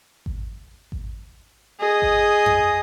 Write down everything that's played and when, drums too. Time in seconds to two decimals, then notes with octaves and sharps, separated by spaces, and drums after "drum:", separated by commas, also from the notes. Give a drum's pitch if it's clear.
0.26 drum: kick G#1
0.92 drum: kick G#1
1.80 G#4 D#5
2.02 drum: kick G#1
2.46 drum: tom F2